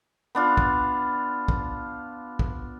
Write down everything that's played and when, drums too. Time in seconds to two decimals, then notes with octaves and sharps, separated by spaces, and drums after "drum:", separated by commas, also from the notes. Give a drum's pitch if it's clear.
0.35 B3 D4 F4
0.57 drum: kick
1.48 drum: kick
2.39 drum: kick